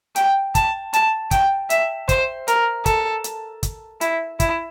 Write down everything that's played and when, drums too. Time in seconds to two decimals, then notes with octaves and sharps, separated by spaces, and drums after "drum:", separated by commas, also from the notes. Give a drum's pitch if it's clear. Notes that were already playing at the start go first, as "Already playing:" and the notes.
0.16 G5, drum: hi-hat
0.55 A5, drum: kick, hi-hat
0.93 A5, drum: hi-hat
1.31 G5, drum: kick, hi-hat
1.70 E5, drum: hi-hat
2.09 C5, drum: kick, hi-hat
2.48 A#4, drum: hi-hat
2.86 A4, drum: kick, hi-hat
3.24 drum: hi-hat
3.63 drum: kick, hi-hat
4.01 E4, drum: hi-hat
4.40 E4, drum: kick, hi-hat